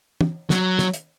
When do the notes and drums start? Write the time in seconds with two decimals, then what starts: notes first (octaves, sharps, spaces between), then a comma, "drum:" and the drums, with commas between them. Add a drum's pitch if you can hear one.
0.21 drum: tom
0.50 F#3, drum: snare
0.79 drum: snare
0.94 drum: hi-hat